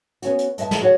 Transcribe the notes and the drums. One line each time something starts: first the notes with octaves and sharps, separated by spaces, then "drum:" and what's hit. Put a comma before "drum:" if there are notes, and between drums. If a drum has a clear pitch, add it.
B3 C#4 F#4, drum: hi-hat
drum: hi-hat
G2 D#5 E5 A5, drum: hi-hat
drum: snare
F#4 G#4 C#5 F#5